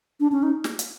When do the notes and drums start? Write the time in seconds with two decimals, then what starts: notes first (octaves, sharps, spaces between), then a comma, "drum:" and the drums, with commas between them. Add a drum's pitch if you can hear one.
0.20 D4
0.32 C#4
0.43 D#4
0.64 drum: snare
0.79 drum: hi-hat